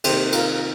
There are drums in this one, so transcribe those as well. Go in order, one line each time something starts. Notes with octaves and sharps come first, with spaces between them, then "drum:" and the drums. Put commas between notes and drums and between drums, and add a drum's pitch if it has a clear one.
C3 D#3 A#3 D#4 G4 C5, drum: cymbal
F4 A#4, drum: cymbal
F4